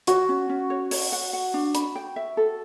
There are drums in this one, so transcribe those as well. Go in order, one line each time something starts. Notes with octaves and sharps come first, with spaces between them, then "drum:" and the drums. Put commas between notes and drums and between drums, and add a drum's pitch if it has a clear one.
F#4 C#5, drum: hi-hat
C#4
C#4
C#5
C#5, drum: open hi-hat
F#5
F#5
D4
B5, drum: hi-hat
G5
E5
A4